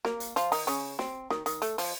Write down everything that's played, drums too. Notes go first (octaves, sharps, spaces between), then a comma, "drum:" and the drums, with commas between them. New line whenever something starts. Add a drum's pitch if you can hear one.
A#3, drum: snare
drum: hi-hat
F3 F4, drum: hi-hat
D#3 D#4, drum: open hi-hat
C#3 C#4, drum: hi-hat
C4, drum: snare
D#3, drum: snare
D#3, drum: hi-hat
A3, drum: hi-hat
F3, drum: open hi-hat